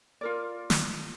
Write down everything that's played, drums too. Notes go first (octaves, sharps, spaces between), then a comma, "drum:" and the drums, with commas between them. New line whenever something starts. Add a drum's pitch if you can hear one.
F4 A#4 D5
drum: snare